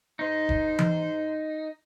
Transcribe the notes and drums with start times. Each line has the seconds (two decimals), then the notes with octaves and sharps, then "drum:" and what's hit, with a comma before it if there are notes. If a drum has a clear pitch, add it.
0.19 G#2 D#4 C5 C6
0.49 drum: kick E1
0.79 drum: tom E3